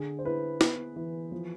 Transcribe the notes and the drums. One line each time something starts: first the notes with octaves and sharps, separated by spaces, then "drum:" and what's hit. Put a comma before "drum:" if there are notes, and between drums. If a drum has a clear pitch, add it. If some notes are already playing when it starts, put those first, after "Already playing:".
Already playing: D3 G#4
C5
E4 B4
B3, drum: snare E4
E3
F3